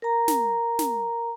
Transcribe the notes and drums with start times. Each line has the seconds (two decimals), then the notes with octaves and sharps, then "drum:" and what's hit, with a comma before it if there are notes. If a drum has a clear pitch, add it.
0.02 A#4 A#5
0.28 drum: snare
0.79 drum: snare